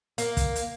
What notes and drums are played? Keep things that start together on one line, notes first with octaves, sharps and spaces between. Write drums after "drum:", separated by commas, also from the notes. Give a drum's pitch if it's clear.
A#3, drum: hi-hat
drum: kick, hi-hat
drum: hi-hat